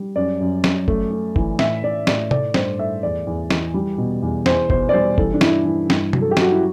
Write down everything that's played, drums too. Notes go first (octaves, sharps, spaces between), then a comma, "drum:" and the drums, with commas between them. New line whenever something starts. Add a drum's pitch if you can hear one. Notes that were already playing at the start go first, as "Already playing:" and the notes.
Already playing: G3
F#2 D5
F#2
F#2, drum: snare
A3, drum: kick
A3
E3, drum: kick
A2 E5, drum: snare
A2 D5
A2 D5, drum: snare
A3 D5, drum: tom
G2 C5, drum: snare
A3 E5
E2 D5
E2
E3, drum: snare
G3
B2
E2
E2 C5, drum: snare
B2 C5, drum: kick
D5
G3 C5
E3 A4, drum: kick
D4
G2 E4, drum: snare
E3 E4
G2, drum: snare
F#3, drum: tom
A4
G4
F#3 F#4, drum: snare
E4